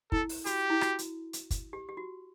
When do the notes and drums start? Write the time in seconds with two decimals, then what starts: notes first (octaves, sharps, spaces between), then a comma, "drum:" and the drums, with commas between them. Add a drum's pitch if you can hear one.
0.12 E4 A4, drum: kick
0.29 drum: open hi-hat
0.46 F#4 G4, drum: hi-hat
0.70 E4
0.81 F#4, drum: rim click
0.99 drum: hi-hat
1.33 drum: hi-hat
1.51 drum: kick, hi-hat
1.73 G4
1.89 G4
1.97 F#4